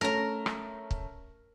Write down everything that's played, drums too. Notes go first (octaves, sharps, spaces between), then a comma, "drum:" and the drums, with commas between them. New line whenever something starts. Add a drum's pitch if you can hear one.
A3 C#4 A#4 A#5
drum: rim click
drum: kick